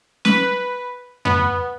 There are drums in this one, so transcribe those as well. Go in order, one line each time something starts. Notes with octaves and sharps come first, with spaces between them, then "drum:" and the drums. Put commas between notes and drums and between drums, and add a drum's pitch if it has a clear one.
B4, drum: snare
B3, drum: tom F2